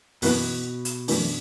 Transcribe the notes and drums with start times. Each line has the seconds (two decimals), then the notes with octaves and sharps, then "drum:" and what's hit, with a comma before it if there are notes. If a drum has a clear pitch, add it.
0.22 F#2 B2 E3 B3, drum: open hi-hat
0.85 drum: hi-hat
1.08 F#2 E3 A3 D4, drum: open hi-hat